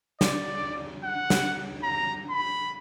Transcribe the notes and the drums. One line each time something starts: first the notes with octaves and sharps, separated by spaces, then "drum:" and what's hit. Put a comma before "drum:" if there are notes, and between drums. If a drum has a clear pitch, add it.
D5, drum: snare
F#5
drum: snare
A#5
B5